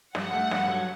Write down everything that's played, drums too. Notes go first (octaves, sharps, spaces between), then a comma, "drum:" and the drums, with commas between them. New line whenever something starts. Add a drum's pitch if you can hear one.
G2 F#5, drum: snare
A3
G2, drum: snare
F#3